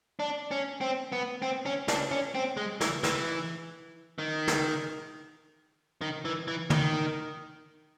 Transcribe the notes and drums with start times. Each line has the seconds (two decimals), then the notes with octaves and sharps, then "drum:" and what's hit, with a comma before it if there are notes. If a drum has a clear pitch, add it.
0.19 D4
0.51 C#4
0.81 C4
1.12 B3
1.42 C4
1.66 C#4
1.88 D4, drum: snare
2.11 C#4
2.35 C4
2.57 G#3
2.81 E3, drum: snare
3.03 E3, drum: snare
4.18 D#3
4.48 drum: snare
6.01 D#3
6.25 E3
6.48 E3
6.70 D#3, drum: tom